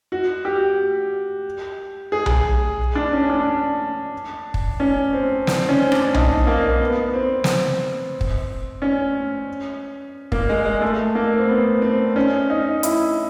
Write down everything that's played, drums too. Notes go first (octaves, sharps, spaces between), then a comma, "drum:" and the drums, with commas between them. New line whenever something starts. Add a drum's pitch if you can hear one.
F#4
G4
G#4
drum: tom B1
D4
C#4
D4
drum: kick
C#4
C4
C4, drum: snare
C#4
D4, drum: rim click
D#4, drum: tom B1
A#3
B3
C4
drum: snare
drum: kick
C#4
A#3, drum: kick
G#3
G#3
A3
A#3
C4
B3
C4
C#4
D#4
E4, drum: hi-hat